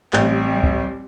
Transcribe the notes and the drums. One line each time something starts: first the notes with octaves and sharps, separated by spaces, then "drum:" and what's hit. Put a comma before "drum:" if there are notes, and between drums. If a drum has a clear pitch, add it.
A1 G3 C4, drum: clap
drum: kick C#2